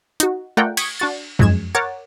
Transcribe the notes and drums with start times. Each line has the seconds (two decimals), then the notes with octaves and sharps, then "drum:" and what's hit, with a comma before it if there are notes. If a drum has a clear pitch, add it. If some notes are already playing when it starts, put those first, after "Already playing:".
0.20 D#4 F#4, drum: hi-hat
0.57 A3 F4 A#4 D5 F#5 G5
0.77 C#6 D#6 G#6 B6 C#7 D7, drum: cymbal
1.00 D4 F#4 A6
1.39 F2 F#3 G#3 G#6 E7, drum: tom F#2
1.75 A#4 C#5 F#5 D6 A6